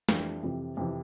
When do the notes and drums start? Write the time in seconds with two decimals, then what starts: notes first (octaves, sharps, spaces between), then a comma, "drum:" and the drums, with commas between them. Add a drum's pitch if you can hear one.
0.09 F2 E3 G3 D4, drum: snare
0.43 F2 C3 E3
0.77 F2 C3 E3